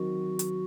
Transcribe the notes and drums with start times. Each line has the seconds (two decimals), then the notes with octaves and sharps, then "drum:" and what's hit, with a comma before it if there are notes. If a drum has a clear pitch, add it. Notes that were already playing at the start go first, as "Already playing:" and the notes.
Already playing: D#3 F#3 C4 F#4
0.39 drum: hi-hat